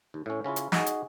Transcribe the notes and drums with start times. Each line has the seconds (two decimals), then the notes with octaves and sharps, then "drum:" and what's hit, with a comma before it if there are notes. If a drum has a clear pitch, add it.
0.14 D#2
0.26 A2 C#4
0.44 C#3 C#4 E4 F4
0.56 drum: hi-hat
0.72 D#4 F#4 G#4, drum: snare
0.86 drum: hi-hat